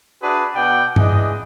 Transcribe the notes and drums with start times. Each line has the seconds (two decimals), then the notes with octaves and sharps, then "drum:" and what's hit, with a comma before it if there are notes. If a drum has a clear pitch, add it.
0.22 D4 F#4 G#4 B4 D5 E5
0.55 B2 B3 D5 F#5 G5
0.96 E3 G#3 D4 D#5, drum: tom G2